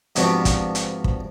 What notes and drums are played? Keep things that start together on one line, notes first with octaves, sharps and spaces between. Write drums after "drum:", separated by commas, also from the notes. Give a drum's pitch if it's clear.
G#2 C3 F3 B3 D4 F#4, drum: hi-hat
drum: kick, hi-hat
drum: hi-hat
drum: kick